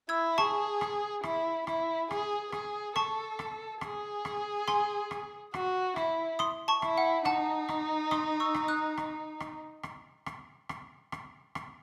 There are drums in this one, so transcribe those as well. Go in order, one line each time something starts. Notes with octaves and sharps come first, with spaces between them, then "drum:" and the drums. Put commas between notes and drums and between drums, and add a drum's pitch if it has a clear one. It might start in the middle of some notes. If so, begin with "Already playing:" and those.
E4 E6 G#6
G#4 A5 C#6, drum: rim click
drum: rim click
E4, drum: rim click
E4, drum: rim click
G#4, drum: rim click
G#4, drum: rim click
A4 A5 C#6, drum: rim click
drum: rim click
G#4, drum: rim click
drum: rim click
G#5 C6, drum: rim click
drum: rim click
F#4, drum: rim click
E4, drum: rim click
C6 D#6, drum: rim click
A5 C#6
E4, drum: rim click
F#5
D#4 F#5 A5, drum: rim click
drum: rim click
C6 D#6, drum: rim click
C#6 E6
drum: rim click
D#6 F#6
drum: rim click
drum: rim click
drum: rim click
drum: rim click
drum: rim click
drum: rim click
drum: rim click